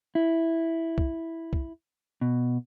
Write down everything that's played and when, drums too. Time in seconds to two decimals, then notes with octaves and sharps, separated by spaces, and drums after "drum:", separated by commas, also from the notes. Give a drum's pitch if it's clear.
0.15 E4
0.98 drum: kick
1.53 drum: kick
2.21 B2